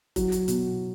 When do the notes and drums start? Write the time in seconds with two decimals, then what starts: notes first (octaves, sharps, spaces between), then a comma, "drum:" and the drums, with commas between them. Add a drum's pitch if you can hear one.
0.16 F#3, drum: kick F1, hi-hat
0.32 drum: hi-hat
0.48 B2, drum: hi-hat